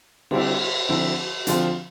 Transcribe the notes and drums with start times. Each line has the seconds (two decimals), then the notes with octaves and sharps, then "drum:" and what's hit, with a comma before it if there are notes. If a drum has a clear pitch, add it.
0.31 D3 G3 C4 E4, drum: cymbal
0.89 D3 F3 C4 E4
1.47 D3 F3 C4 F4, drum: hi-hat